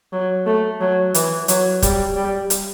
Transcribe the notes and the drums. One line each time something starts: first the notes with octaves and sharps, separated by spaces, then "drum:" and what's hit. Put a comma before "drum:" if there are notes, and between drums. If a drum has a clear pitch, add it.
F#3
A3
F#3
E3, drum: hi-hat
F#3, drum: hi-hat
G3, drum: kick, hi-hat
G3
drum: hi-hat